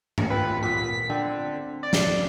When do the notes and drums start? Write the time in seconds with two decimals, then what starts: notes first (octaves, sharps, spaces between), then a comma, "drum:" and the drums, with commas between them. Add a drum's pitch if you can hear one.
0.18 drum: tom
0.30 C4 F4 B4
0.63 A#2 B3 B6
1.10 D3 C4
1.83 D5
1.93 drum: snare